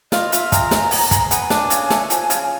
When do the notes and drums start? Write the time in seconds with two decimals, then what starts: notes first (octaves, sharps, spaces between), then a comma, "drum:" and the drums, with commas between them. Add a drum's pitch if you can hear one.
0.12 F4 D#5, drum: snare
0.32 F4 E5, drum: hi-hat
0.52 G#3 A#5, drum: kick, hi-hat
0.71 G#3, drum: snare
0.91 B3, drum: open hi-hat
1.11 G#3, drum: kick, hi-hat
1.31 B3 G#5, drum: hi-hat
1.50 D4, drum: snare
1.70 C#3, drum: hi-hat
1.90 A3, drum: snare
2.10 F3 G#5, drum: hi-hat
2.30 C#3, drum: hi-hat